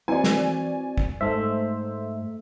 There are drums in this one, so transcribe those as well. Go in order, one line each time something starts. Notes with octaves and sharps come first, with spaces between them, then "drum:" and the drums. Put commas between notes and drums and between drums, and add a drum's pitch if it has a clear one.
E3 C4 F#4 D5 G#5
drum: snare
drum: kick
G#2 A3 C5 E5